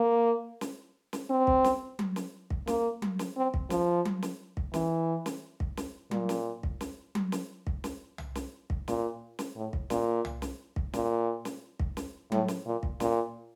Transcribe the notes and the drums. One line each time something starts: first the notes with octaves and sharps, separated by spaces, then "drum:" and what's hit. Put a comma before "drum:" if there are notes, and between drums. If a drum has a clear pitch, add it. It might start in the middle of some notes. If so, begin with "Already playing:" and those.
Already playing: A#3
drum: snare
drum: snare
C4
drum: kick
drum: snare
drum: tom F#3
drum: snare
drum: kick
A#3, drum: snare
drum: tom F#3
drum: snare
C4
drum: kick
F3, drum: snare
drum: tom F#3
drum: snare
drum: kick
E3, drum: snare
drum: snare
drum: kick
drum: snare
A#2, drum: tom F#3
drum: snare
drum: kick
drum: snare
drum: tom F#3
drum: snare
drum: kick
drum: snare
drum: tom
drum: snare
drum: kick
A#2, drum: snare
drum: snare
A2
drum: kick
A#2, drum: snare
drum: tom
drum: snare
drum: kick
A#2, drum: snare
drum: snare
drum: kick
drum: snare
A2, drum: tom F#3
drum: snare
A#2
drum: kick
A#2, drum: snare